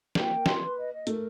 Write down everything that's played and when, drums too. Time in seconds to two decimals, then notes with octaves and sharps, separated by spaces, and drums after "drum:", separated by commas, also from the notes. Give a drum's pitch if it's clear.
0.15 A#3 G5, drum: snare
0.31 A#4
0.46 C6, drum: snare
0.62 B4
0.77 D#5
0.92 D#5
1.07 A3 A#4, drum: hi-hat